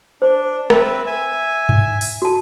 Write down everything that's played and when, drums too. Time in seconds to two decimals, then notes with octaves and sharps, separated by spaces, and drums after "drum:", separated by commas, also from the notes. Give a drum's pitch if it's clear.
0.22 D4 C5
0.70 C4 B4 E5, drum: rim click
1.06 E5 G#5
1.69 drum: tom G2
2.01 drum: open hi-hat
2.22 F#4 A5